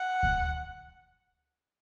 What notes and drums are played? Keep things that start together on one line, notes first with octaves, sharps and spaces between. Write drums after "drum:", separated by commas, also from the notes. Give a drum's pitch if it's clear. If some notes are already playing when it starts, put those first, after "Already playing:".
Already playing: F#5
drum: kick D2